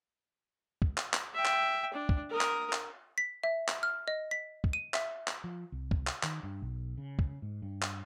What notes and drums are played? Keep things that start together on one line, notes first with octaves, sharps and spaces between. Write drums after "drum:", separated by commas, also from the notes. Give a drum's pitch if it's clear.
drum: kick
drum: clap
drum: clap
E5 G5
drum: clap
D4
drum: kick
A#4 D#6
drum: clap
drum: clap
B6
E5
drum: clap
F6
D#5
B6
drum: kick
D#7
E5, drum: clap
drum: clap
F3
C2
drum: kick
drum: clap
D#3, drum: clap
G2
B1
C#3
drum: kick
G#2
G2
drum: clap